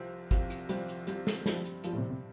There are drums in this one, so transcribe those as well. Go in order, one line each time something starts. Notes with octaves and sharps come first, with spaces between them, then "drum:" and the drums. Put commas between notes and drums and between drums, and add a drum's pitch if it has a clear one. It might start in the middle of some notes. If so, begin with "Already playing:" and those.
Already playing: C2 C3 F3 C4
C2 C3 F3 C4, drum: kick G#1, hi-hat
drum: hi-hat
C2 C3 F3 G3 C4, drum: hi-hat
drum: hi-hat
C2 C3 F3 G3 C4, drum: hi-hat
drum: snare
G2 F3 G3 C4, drum: snare
drum: hi-hat
G2 F3 G3 C4, drum: hi-hat
A2
C3
C3